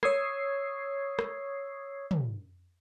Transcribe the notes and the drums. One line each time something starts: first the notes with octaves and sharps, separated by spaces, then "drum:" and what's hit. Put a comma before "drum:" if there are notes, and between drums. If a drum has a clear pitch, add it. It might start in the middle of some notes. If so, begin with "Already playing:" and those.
C#5 C#6 D#6 E6 G#6 C7, drum: rim click
drum: rim click
drum: tom